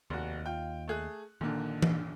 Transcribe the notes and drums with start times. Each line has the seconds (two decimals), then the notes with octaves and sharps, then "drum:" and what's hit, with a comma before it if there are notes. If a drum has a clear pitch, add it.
0.10 F1 D#2 F#4
0.45 F4 G5
0.88 A3 G#4 F#6
1.41 A#1 A#2 D3 D#3 A#3
1.82 drum: tom E3